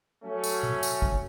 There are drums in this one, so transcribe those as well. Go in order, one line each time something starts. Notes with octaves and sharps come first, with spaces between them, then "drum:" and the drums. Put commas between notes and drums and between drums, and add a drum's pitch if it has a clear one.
F#3 A3 C#4
drum: tambourine
drum: tom B2
drum: tambourine
drum: kick G#1